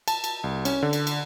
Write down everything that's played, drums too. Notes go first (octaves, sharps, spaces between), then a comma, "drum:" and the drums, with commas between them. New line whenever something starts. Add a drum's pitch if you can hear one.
A5, drum: cymbal
drum: cymbal
C2
C#4, drum: cymbal
D3
drum: cymbal
drum: cymbal